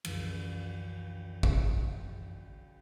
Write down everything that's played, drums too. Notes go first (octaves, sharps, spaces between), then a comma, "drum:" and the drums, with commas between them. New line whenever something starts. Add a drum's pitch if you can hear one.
C2 F#2 D3 E3 F3, drum: cymbal
drum: kick